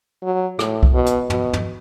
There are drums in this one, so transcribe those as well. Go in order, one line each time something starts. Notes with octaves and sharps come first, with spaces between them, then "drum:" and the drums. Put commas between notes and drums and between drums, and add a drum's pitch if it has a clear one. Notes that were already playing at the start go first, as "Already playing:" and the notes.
F#3
A2, drum: rim click
drum: kick C2
B2
drum: hi-hat
B2, drum: tom
drum: tom